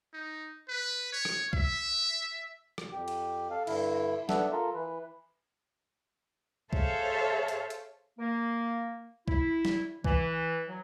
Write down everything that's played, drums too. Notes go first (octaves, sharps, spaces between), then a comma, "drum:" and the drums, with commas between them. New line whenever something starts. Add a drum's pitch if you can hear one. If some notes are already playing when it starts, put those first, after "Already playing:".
D#4
B4
C#5
drum: rim click
E5, drum: kick C2
drum: rim click
F2 G4
drum: cymbal
A4 F5
G2 D3 E4, drum: cymbal
B3 D4 A4 E5 F#5, drum: snare
F4 A4 A#4
E3 B4
G#4 A4 C5 C#5 E5 F5, drum: kick C2
drum: hi-hat
drum: hi-hat
A#3
E4, drum: kick C2
drum: snare
E3, drum: kick C2
F#3